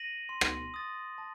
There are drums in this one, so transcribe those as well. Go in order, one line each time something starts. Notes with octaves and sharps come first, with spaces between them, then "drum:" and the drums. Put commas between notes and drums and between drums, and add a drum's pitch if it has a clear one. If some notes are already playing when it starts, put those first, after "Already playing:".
Already playing: A#6 D#7 F#7
C6
drum: rim click
D#6 A6
A5